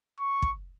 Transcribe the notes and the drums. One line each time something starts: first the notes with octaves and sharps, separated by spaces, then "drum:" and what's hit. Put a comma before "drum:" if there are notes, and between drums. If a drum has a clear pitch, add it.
C#6
drum: kick